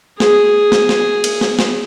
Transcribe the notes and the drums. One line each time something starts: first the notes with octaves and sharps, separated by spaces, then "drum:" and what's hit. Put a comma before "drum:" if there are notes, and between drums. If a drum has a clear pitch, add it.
G#4, drum: snare
drum: snare
drum: snare
drum: cymbal
drum: snare
drum: snare